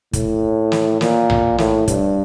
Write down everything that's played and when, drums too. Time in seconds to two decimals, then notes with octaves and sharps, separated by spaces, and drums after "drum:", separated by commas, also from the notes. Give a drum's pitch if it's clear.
0.13 A2, drum: kick, hi-hat
0.72 drum: snare
1.01 A#2, drum: snare
1.30 drum: tom A#1
1.58 A2, drum: snare
1.88 G2, drum: kick, hi-hat